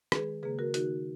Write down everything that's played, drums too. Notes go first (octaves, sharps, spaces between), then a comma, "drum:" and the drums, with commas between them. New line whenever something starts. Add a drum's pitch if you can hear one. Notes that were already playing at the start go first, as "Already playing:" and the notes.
D#3 G#3 G#4 B4, drum: rim click
C#3 F#3 A#3 G#4 B4
F#4 A#4
D#3 A#3 D#4 F#4, drum: hi-hat